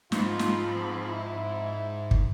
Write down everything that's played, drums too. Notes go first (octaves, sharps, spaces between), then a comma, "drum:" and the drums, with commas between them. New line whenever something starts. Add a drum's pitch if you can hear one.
G#2 F3 C4 F4 B5, drum: snare
drum: snare
E4
drum: kick